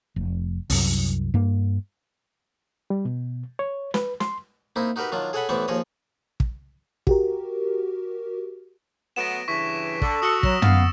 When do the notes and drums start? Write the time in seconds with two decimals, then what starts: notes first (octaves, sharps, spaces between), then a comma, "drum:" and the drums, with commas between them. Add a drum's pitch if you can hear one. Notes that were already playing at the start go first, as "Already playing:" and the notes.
0.16 F1
0.70 C2 F#2, drum: open hi-hat
1.34 G2 A#3
2.90 G3
3.05 B2
3.59 C#5
3.94 B4, drum: snare
4.20 C6, drum: snare
4.76 A#3 C4 D#4 E4
4.96 D#4 F#4 G4 A#4 B4
5.12 D#3 F#3 D4 F4
5.33 G#4 A4 C#5 F#5 G#5 B5
5.49 A1 E3 B3 C5 D5 C#6
5.68 D#2 F3 G#4 C#5 D#5
6.40 drum: kick
7.07 F#4 G4 A#4, drum: kick
9.16 F#3 A3 B3 A#6 D7 E7
9.48 G2 C#3 E3 C#6 B6
10.02 D3 A4, drum: kick
10.22 F#4 D#6 E6 C#7
10.43 F#3 A#6 E7, drum: kick
10.62 B2 B3 F5 A6, drum: tom